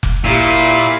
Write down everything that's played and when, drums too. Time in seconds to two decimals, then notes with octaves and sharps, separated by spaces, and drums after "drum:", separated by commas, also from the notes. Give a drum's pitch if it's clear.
0.03 drum: kick F1
0.25 A#2 E4 G4 F5